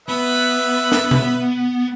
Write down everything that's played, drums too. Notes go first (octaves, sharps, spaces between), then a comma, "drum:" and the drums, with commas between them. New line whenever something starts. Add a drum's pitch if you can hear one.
B3 B4 E5 B5
drum: snare
drum: tom B2